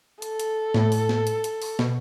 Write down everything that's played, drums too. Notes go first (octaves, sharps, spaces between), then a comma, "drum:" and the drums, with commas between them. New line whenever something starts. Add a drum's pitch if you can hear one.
A4, drum: hi-hat
drum: hi-hat
A2, drum: snare
drum: open hi-hat
drum: snare
drum: hi-hat
drum: hi-hat
drum: open hi-hat
B2, drum: snare